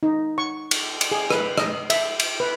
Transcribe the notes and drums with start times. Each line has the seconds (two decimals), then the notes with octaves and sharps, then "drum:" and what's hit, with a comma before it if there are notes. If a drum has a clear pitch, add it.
0.03 D#4
0.38 C#6
0.71 drum: cymbal
1.01 drum: cymbal
1.11 G#4
1.30 B4, drum: rim click
1.58 D#5, drum: rim click
1.90 E5, drum: cymbal
2.19 drum: cymbal
2.40 B4